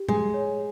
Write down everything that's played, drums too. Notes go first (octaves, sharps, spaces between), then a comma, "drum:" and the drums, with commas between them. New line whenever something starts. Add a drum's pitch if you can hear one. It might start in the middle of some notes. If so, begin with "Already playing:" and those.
Already playing: G4
G#3 G#5, drum: tom
C#5